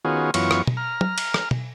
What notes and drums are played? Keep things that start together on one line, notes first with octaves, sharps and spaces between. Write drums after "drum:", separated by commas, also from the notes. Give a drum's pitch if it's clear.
D#3 B3 C#4 F4 F#4 G#4
F#2 E3 B3 F4 C#5 C#6, drum: cymbal
drum: rim click
drum: tom
A#5 F6
drum: tom
drum: cymbal
drum: rim click
drum: tom